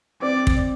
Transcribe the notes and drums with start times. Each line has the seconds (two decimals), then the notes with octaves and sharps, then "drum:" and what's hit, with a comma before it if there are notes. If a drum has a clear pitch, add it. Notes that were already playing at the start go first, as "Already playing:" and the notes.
0.22 C4 D5
0.47 drum: kick